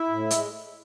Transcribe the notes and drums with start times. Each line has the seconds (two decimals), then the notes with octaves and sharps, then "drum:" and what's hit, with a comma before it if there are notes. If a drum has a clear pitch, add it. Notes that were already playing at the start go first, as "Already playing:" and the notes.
Already playing: E4 E5
0.09 A2
0.31 G#3, drum: hi-hat